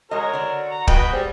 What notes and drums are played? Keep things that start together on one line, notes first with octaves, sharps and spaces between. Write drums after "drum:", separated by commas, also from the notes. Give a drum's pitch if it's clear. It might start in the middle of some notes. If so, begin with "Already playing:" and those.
G#3 F#4 A#4 C#5 D#5
D3 D4
A#5
G#3 F#4 B4 D#5 G5, drum: kick
G3 G#4 C5